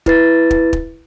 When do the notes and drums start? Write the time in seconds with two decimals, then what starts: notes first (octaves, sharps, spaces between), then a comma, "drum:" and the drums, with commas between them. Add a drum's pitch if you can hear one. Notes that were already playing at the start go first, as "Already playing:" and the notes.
0.06 E4 B4 A6, drum: kick
0.51 drum: kick
0.73 drum: kick